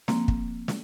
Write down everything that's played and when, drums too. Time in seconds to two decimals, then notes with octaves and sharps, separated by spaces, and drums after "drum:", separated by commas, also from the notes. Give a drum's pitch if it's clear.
0.08 F3 A#3 C4, drum: snare
0.28 drum: kick
0.68 drum: snare